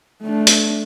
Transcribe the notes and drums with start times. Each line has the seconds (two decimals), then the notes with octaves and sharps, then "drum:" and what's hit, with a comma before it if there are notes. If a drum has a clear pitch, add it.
0.23 A3 D4
0.47 drum: hi-hat